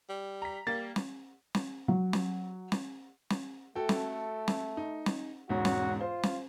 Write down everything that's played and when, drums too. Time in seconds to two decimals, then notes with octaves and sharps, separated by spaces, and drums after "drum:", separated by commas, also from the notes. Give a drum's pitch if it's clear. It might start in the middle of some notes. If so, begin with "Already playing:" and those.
0.09 G3
0.42 A#5 B6
0.67 G3 A#3 A6
0.96 drum: snare
1.55 drum: snare
1.88 F#3
2.13 drum: snare
2.72 drum: snare
3.31 drum: snare
3.75 A3 F#4 A4 G5
3.89 drum: snare
4.48 drum: snare
4.77 D#4
5.06 drum: snare
5.49 E1 G#2 C#4 F#4
5.65 drum: snare
6.01 F4 C5
6.24 drum: snare